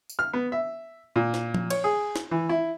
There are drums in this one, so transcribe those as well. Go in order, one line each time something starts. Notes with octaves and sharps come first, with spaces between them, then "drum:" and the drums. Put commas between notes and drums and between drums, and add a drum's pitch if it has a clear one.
drum: tambourine
F6
B3
E5
A#2
drum: snare
drum: tom F3
C#5, drum: cymbal
G#4
drum: snare
E3
E4